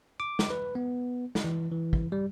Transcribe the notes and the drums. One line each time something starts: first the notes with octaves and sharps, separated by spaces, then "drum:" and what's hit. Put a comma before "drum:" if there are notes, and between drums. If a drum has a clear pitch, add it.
D6
drum: snare
B4
B3
drum: snare
E3
E3
drum: kick
G3